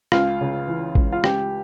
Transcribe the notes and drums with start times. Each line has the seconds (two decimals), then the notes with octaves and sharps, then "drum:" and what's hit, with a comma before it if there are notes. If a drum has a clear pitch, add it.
0.12 C#2 F4, drum: rim click
0.41 C#3
0.68 E3
0.95 C#2, drum: kick
1.12 F4
1.24 C#2 G4, drum: rim click